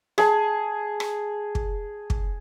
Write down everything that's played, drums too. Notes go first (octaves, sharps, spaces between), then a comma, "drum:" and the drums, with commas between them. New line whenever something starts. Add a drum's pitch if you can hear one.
G#4 A5, drum: rim click
drum: rim click
drum: kick
drum: kick